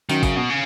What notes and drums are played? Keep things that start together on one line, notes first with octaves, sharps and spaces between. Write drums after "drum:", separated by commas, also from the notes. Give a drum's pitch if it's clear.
F#2 D#3, drum: tambourine
C#3, drum: kick, tambourine
B2
C#3